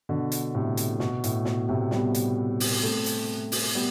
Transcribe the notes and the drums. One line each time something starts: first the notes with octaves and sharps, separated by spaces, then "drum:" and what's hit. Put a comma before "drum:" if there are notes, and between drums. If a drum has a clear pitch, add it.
B2 D3
drum: hi-hat
A2 C3
drum: hi-hat
B2, drum: snare
A2, drum: hi-hat
B2, drum: snare
A2 C3
G3 B3, drum: snare
drum: hi-hat
drum: open hi-hat
A3 C4
drum: hi-hat
drum: open hi-hat
G3 B3